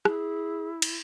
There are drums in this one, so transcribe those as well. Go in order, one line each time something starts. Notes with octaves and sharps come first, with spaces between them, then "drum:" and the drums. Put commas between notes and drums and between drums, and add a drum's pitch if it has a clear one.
E4 G#4, drum: rim click
drum: cymbal